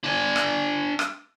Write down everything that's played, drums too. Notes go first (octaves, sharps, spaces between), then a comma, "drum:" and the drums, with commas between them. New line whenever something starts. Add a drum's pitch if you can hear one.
D4 G#5
drum: rim click
drum: rim click